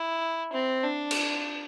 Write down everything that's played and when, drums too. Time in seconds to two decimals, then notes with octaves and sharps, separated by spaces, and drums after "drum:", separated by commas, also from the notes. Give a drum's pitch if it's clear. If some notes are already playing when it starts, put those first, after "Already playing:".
Already playing: E4
0.53 C4
0.83 D4
1.11 drum: cymbal